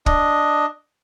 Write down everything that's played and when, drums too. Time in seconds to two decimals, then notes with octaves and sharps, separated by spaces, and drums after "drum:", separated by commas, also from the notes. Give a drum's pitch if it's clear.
0.06 D4 D#5, drum: kick